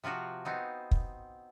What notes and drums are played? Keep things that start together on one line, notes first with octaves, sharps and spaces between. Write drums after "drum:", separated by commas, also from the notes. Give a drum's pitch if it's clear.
C3 F3 F4 F#4
B3 C4 D#4
drum: kick